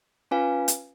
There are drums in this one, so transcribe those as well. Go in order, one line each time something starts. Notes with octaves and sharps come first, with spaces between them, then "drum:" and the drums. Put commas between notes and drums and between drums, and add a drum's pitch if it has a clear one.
C#4 F4 B4 F5 G#5
drum: hi-hat